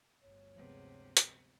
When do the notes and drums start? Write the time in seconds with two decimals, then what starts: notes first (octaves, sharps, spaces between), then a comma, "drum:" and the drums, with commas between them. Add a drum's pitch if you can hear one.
0.22 G1 D2 C#5
0.56 C3 F3 G#3 B3
1.17 drum: hi-hat